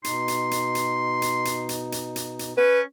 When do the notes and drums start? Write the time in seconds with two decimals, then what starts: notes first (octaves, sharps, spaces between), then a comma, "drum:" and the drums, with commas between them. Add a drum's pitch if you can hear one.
0.04 B2 D#4 C6, drum: hi-hat
0.28 drum: hi-hat
0.51 drum: hi-hat
0.75 drum: hi-hat
1.22 drum: hi-hat
1.45 drum: hi-hat
1.69 drum: hi-hat
1.92 drum: hi-hat
2.16 drum: hi-hat
2.39 drum: hi-hat
2.57 C#4 B4